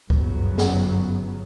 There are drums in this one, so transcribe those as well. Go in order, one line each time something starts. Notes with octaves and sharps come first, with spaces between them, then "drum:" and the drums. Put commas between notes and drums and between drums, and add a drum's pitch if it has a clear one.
G1 F#2 C#3 F#3 B3, drum: kick C#2
drum: snare